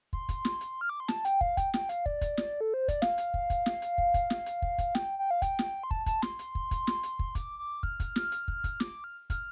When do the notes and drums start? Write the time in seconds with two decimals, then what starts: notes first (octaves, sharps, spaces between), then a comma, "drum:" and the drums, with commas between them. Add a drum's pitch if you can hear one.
0.13 C6, drum: kick
0.29 drum: kick, hi-hat
0.45 drum: snare
0.61 drum: hi-hat
0.81 F6
0.89 D6
1.00 C6
1.08 A5, drum: snare
1.25 G5, drum: hi-hat
1.41 F5, drum: kick
1.57 G5, drum: kick, hi-hat
1.74 G5, drum: snare
1.89 F5, drum: hi-hat
2.06 D5, drum: kick
2.21 drum: kick, hi-hat
2.37 drum: snare
2.61 A4
2.74 C5
2.88 D5, drum: kick, hi-hat
3.02 F5, drum: snare
3.18 drum: hi-hat
3.34 drum: kick
3.50 drum: kick, hi-hat
3.66 drum: snare
3.82 drum: hi-hat
3.98 drum: kick
4.14 drum: kick, hi-hat
4.30 drum: snare
4.46 drum: hi-hat
4.62 drum: kick
4.78 drum: kick, hi-hat
4.95 G5, drum: snare
5.19 G5
5.31 F5
5.42 G5, drum: kick, hi-hat
5.59 drum: snare
5.84 C6
5.91 A5, drum: kick
6.06 A5, drum: kick, hi-hat
6.22 C6, drum: snare
6.39 drum: hi-hat
6.55 drum: kick
6.71 drum: kick, hi-hat
6.87 drum: snare
7.03 drum: hi-hat
7.19 drum: kick
7.35 D6, drum: kick, hi-hat
7.59 D6
7.83 F6, drum: kick
8.00 drum: kick, hi-hat
8.16 drum: snare
8.32 drum: hi-hat
8.48 drum: kick
8.64 drum: kick, hi-hat
8.80 D6, drum: snare
9.04 F6
9.30 F6, drum: kick, hi-hat